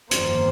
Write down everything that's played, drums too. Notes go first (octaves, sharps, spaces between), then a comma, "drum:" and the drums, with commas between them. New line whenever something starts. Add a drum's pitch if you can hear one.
G1 F2 D#3 A#3 C5, drum: hi-hat